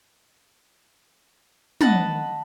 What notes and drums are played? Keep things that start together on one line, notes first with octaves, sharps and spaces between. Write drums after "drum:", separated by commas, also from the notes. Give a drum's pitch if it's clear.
D#5 F#5 A5 B5, drum: tom